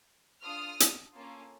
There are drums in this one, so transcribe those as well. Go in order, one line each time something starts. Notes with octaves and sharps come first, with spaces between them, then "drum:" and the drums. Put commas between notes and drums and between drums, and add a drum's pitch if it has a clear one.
D4 F4 A4 D#6 F6
drum: hi-hat
A#3 C#4 F4 A4